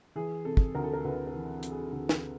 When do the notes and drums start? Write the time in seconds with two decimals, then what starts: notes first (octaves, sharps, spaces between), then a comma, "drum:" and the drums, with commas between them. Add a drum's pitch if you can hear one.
0.16 E3 G#4
0.45 C3 A4
0.57 drum: kick
0.75 D2 A#4
0.84 A4
0.93 A#4
1.04 D2 B4
1.27 A#4
1.34 E3
1.63 C3, drum: hi-hat
1.71 G#4
1.92 D2 G#4
2.09 drum: snare